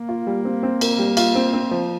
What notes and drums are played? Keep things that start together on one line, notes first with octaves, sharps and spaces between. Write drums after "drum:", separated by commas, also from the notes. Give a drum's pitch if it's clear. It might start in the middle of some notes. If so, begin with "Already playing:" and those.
Already playing: A#3
F4
G3
C4
C4
A#4, drum: cymbal
G3
F4, drum: cymbal
C4
C4
F3